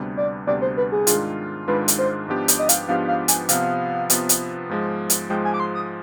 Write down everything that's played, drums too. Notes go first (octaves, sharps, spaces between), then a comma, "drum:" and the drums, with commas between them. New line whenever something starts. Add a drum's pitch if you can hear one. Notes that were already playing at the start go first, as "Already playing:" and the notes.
Already playing: D2 C3 G3 B3 D4
D5
D2 C3 G3 B3 D4 D5
C5
B4
G#4
G#2 D#3 G#3 D4 F4, drum: hi-hat
G#2 D#3 G#3 D4 F4 B4
drum: hi-hat
C5
G#2 F3 B3 D4 G4
drum: hi-hat
D#5
F5, drum: hi-hat
G#2 F3 B3 D4 G4 F5
F5
G#5, drum: hi-hat
C3 F3 B3 F5, drum: hi-hat
C3 F3 B3, drum: hi-hat
drum: hi-hat
G#2 F3 G#3
drum: hi-hat
G#2 F3 G#3 G5
G#5
D6
C6
D#6